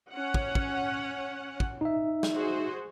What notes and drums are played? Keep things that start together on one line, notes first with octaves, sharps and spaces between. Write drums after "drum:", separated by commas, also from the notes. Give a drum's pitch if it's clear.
C#4 F#5
drum: kick
drum: kick
drum: kick
D#4 E5
drum: snare
F#4 G#4 C5